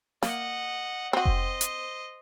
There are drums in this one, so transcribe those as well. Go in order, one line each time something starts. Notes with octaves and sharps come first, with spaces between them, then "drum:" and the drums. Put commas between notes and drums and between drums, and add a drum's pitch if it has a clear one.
A#3 D#5 F#5, drum: snare
C4 F#4 C5 D#5
drum: kick F1
drum: hi-hat